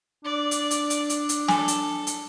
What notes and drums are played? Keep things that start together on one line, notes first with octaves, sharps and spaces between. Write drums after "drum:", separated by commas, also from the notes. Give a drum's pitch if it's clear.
D4 D5
drum: hi-hat
drum: hi-hat
drum: hi-hat
drum: hi-hat
drum: hi-hat
A4 G#5, drum: snare
drum: hi-hat
drum: hi-hat